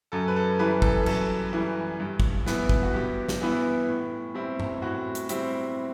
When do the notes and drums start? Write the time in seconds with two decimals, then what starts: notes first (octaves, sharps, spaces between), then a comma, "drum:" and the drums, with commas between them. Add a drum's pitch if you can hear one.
0.12 F#2 A4
0.28 B4
0.36 A4
0.59 E3 G3 B4
0.82 A4, drum: kick
1.06 F#2 A4, drum: cymbal
1.53 E3 G3
1.99 G2
2.20 drum: kick
2.46 E3 B3 E4, drum: snare
2.69 drum: kick
2.83 F#4
2.94 G2 G4
3.29 drum: snare
3.42 E3 B3 E4
3.88 A2
4.34 G3 C4 E4
4.60 drum: tom G2
4.81 A2 F#4
5.15 drum: hi-hat
5.29 G3 C4 E4, drum: hi-hat